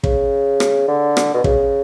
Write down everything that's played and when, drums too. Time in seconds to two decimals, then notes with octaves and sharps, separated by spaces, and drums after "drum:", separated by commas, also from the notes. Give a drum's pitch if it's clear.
0.04 C#3, drum: kick
0.60 drum: rim click
0.88 D3
1.17 drum: rim click
1.34 B2
1.44 C#3, drum: kick